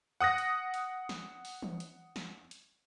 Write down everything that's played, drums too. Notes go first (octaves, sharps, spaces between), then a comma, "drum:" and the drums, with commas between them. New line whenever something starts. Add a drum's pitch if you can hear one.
F#5 D#6 F#6 A#6
drum: hi-hat
drum: hi-hat
drum: snare
drum: open hi-hat
drum: tom E3
drum: hi-hat
drum: snare
drum: hi-hat